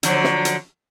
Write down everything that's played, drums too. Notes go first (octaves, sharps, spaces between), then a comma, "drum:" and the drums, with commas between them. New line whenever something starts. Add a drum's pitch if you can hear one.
D3 F3 F#3, drum: hi-hat
drum: snare
drum: hi-hat